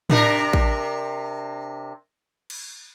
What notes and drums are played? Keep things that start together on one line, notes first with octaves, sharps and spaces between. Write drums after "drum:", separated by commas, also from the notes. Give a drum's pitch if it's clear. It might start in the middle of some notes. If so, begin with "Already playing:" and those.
C3 D4 A#4, drum: tom A2
drum: kick
drum: cymbal